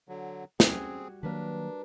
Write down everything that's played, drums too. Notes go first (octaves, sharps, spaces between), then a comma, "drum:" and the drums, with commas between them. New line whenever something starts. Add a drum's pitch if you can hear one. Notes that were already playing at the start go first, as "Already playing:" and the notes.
D3 F#3
G3 C4 C#4 F#4 G#4 G#6, drum: snare
D#3 F#3 A#3 D4 A#4 B4